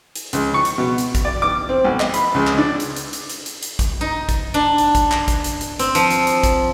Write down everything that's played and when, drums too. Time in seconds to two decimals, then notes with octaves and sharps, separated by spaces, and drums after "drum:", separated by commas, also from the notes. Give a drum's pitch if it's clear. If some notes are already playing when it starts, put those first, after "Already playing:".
0.16 drum: hi-hat
0.33 C#2, drum: hi-hat
0.54 C#6
0.65 drum: hi-hat
0.78 B2
0.98 drum: hi-hat
1.15 drum: kick, hi-hat
1.25 D5
1.42 D6
1.69 C4
1.84 B1
2.00 D#5, drum: clap
2.14 B5, drum: hi-hat
2.35 C#2
2.47 drum: clap
2.58 D4
2.80 drum: hi-hat
2.96 drum: hi-hat
3.13 drum: hi-hat
3.30 drum: hi-hat
3.46 drum: hi-hat
3.63 drum: hi-hat
3.79 drum: kick, hi-hat
4.01 D#4
4.29 drum: kick, hi-hat
4.54 D4
4.78 drum: hi-hat
4.95 drum: kick, hi-hat
5.11 drum: clap
5.28 drum: kick, hi-hat
5.44 drum: hi-hat
5.61 drum: hi-hat
5.79 C4, drum: hi-hat
5.95 F3, drum: hi-hat
6.10 drum: hi-hat
6.27 drum: hi-hat
6.44 drum: kick, hi-hat